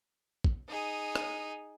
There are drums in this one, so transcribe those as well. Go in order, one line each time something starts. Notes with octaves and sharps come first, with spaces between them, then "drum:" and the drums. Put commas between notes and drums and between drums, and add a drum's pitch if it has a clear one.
drum: kick
D#4 G#4
drum: rim click